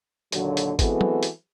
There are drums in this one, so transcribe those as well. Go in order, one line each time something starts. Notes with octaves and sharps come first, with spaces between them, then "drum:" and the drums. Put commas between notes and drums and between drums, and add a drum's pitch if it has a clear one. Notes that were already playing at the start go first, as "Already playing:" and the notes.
D#2 A#2 D3 F#3, drum: hi-hat
drum: hi-hat
E3 G#3 B3 C4 F#4 A4, drum: kick, hi-hat
drum: tom
drum: hi-hat